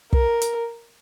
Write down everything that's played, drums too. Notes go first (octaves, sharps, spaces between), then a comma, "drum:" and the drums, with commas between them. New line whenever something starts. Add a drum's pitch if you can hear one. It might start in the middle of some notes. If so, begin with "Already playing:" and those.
A#4, drum: kick
drum: hi-hat